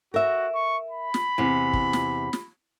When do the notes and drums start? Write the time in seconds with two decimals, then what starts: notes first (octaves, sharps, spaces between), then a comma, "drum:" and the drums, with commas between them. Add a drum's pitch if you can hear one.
0.14 F#4 A#4 E5
0.54 C#6
0.90 B5
1.14 drum: snare
1.38 E2 C3
1.73 drum: kick
1.93 drum: snare
2.33 drum: snare